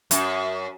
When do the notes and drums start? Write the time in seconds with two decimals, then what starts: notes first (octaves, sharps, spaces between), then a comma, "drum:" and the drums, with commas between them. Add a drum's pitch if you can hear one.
0.11 F#2, drum: hi-hat